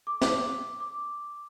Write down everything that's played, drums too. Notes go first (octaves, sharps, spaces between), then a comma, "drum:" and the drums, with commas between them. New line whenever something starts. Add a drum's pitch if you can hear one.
D6
drum: snare
D6